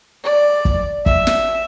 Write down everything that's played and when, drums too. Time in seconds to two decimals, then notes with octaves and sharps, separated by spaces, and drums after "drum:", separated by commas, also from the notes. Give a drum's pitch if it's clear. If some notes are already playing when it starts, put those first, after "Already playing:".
0.24 D5
0.65 drum: kick
1.06 E5, drum: kick
1.27 drum: snare